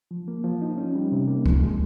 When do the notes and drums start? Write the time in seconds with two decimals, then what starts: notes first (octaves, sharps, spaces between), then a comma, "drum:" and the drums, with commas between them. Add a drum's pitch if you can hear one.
0.11 F3
0.28 A#3
0.44 F3
0.62 D#4
0.78 C#4
0.95 G3
1.12 C3
1.28 A#3
1.46 F3, drum: kick C#2
1.62 G#3